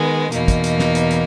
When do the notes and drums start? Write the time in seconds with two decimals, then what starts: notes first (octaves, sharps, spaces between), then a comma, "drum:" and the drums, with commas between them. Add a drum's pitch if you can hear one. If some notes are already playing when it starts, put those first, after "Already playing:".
Already playing: D#3 G#3 B3
0.32 E2 B2 A#3 D#4, drum: hi-hat
0.48 drum: kick, hi-hat
0.64 drum: hi-hat
0.79 drum: snare
0.95 drum: hi-hat
1.11 drum: hi-hat